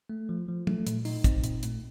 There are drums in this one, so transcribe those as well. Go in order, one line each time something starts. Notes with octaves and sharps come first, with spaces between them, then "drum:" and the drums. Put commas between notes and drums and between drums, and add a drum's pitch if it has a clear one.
A3
F3
F3
A3, drum: tom
A#2, drum: hi-hat
D#4, drum: open hi-hat
C4, drum: kick, hi-hat
A#2, drum: hi-hat
A3, drum: hi-hat